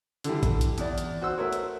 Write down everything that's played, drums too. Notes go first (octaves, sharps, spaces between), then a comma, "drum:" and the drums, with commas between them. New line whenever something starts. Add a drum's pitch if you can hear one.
D3 E3 G3, drum: hi-hat
drum: kick, hi-hat
drum: hi-hat
E2 D5, drum: hi-hat
drum: hi-hat
F#4 C5 E6
A3 F#4 A#4 C#5
drum: hi-hat